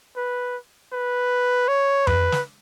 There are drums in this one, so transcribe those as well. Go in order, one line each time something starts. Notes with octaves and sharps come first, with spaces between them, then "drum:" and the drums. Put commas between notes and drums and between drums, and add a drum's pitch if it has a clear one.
B4
B4
C#5
B4, drum: tom F2
drum: snare